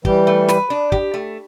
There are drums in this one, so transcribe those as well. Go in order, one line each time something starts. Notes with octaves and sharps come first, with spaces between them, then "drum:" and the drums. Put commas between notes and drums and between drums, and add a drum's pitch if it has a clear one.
E3 G3 G4, drum: kick
A3
B4, drum: snare
D4
G4, drum: kick
A3